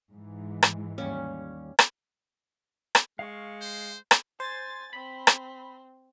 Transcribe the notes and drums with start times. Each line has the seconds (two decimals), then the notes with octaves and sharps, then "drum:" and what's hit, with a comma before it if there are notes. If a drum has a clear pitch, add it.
0.11 G#2 E3
0.63 drum: rim click
0.98 D#2 G3 C#4
1.79 drum: rim click
2.95 drum: rim click
3.19 G#3 F5 C#6
3.61 C5
4.11 drum: rim click
4.40 C5 G#5 A6
4.93 C4 B5
5.27 drum: rim click